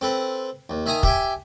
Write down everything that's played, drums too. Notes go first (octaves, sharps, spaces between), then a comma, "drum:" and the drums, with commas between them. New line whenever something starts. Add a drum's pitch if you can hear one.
C4 A4 B4
D#2
D#3 E5 G#5 A#5 D#6
G4 E5 G5 G#5, drum: kick